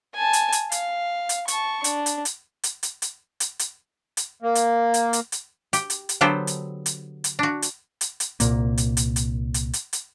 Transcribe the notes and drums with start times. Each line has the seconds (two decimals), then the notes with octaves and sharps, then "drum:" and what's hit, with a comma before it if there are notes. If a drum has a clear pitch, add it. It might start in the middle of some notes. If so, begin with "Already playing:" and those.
0.15 G#5 A5
0.33 drum: hi-hat
0.52 drum: hi-hat
0.72 F5, drum: hi-hat
1.29 drum: hi-hat
1.48 A5 C#6, drum: hi-hat
1.84 D4, drum: hi-hat
2.06 drum: hi-hat
2.25 drum: hi-hat
2.63 drum: hi-hat
2.83 drum: hi-hat
3.02 drum: hi-hat
3.40 drum: hi-hat
3.59 drum: hi-hat
4.17 drum: hi-hat
4.42 A#3
4.55 drum: hi-hat
4.94 drum: hi-hat
5.13 drum: hi-hat
5.32 drum: hi-hat
5.73 G4, drum: hi-hat
5.90 drum: hi-hat
6.09 drum: hi-hat
6.21 D3 F#3 B3 G4 A4 C5
6.47 drum: hi-hat
6.86 drum: hi-hat
7.24 drum: hi-hat
7.39 D4 F#4
7.62 drum: hi-hat
8.01 drum: hi-hat
8.20 drum: hi-hat
8.40 C2 F2 A#2 A#3, drum: hi-hat
8.78 drum: hi-hat
8.97 drum: hi-hat
9.16 drum: hi-hat
9.54 drum: hi-hat
9.73 drum: hi-hat
9.93 drum: hi-hat